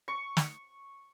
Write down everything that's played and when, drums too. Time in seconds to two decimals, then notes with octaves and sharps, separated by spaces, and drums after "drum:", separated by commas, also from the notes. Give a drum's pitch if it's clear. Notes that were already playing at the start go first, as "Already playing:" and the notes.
0.08 C#6
0.37 drum: snare